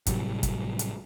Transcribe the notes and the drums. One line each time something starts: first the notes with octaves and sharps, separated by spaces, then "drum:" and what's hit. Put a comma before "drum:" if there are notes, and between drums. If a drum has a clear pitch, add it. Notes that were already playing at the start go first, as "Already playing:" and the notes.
A2 C3 F#3 G3, drum: kick, hi-hat
drum: kick, hi-hat
drum: hi-hat